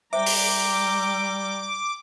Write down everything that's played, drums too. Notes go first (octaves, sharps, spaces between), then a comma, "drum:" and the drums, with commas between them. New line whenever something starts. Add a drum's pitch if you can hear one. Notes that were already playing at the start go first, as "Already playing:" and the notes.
G3 C5 E5 G5 A#5 D6
drum: open hi-hat